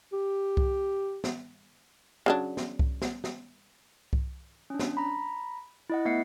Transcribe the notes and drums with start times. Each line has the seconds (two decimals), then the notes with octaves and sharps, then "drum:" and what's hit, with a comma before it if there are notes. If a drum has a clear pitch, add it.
0.13 G4
0.57 drum: kick C2
1.24 drum: snare
2.26 C#3 F#3 D4
2.57 drum: snare
2.79 drum: kick C2
3.02 drum: snare
3.24 drum: snare
4.13 drum: kick C2
4.70 C#4 D4
4.79 drum: snare
4.97 A#5 B5
5.90 E4 D#5 F#5
6.05 A3 B3 E5 F#5 C7 C#7